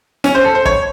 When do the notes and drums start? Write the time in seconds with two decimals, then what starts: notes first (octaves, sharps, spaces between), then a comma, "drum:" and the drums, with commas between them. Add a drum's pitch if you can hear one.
0.24 C#4, drum: snare
0.35 C5
0.44 A4
0.55 C5
0.65 C#5, drum: kick